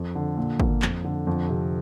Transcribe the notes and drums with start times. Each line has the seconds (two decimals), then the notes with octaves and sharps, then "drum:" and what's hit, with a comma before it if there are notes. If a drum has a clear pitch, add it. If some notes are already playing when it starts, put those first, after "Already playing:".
Already playing: F2
0.15 D3
0.37 A#2
0.60 A#3, drum: kick
0.82 F2, drum: clap
1.05 D3
1.27 F2
1.49 C3